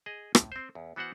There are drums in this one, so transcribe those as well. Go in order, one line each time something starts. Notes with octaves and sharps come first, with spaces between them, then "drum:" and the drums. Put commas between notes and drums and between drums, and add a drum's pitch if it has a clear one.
G#4 D#5
A2, drum: rim click
C4 C5
E2
E3 B3 F#4 C5 F#5